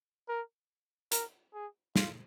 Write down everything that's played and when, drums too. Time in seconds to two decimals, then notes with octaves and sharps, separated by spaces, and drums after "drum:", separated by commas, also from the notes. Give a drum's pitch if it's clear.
0.29 A#4
1.12 A#4, drum: hi-hat
1.54 G#4
1.96 F4, drum: snare